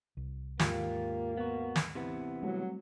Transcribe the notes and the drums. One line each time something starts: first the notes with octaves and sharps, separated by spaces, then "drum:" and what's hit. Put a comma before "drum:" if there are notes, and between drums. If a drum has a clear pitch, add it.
C2
D#2 G#2 A#3 F4 G4, drum: snare
B3 F#4
drum: snare
C3 E3 B3
F#3 G3 A3 C4